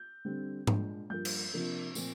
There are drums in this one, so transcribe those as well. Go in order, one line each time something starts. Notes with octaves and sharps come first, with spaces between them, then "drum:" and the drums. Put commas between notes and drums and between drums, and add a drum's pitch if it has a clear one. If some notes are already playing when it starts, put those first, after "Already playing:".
Already playing: G6
D3 G3 C4
A#2 G#3 D4, drum: tom G#2
G2 F3 A#3 G6
drum: cymbal
C3 F3 A#3 D4
A#2 F3 C4, drum: tambourine